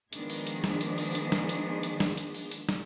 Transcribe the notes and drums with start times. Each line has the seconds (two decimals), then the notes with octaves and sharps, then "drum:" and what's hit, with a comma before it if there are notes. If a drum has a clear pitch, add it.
0.13 D#3 F3 G#3 B3 D4 G#4, drum: hi-hat
0.30 drum: open hi-hat
0.47 drum: hi-hat
0.64 drum: snare
0.81 drum: hi-hat
0.98 drum: open hi-hat
1.15 drum: hi-hat
1.32 drum: snare
1.49 drum: hi-hat
1.83 drum: hi-hat
2.00 drum: snare
2.17 drum: hi-hat
2.34 drum: open hi-hat
2.52 drum: hi-hat
2.69 drum: snare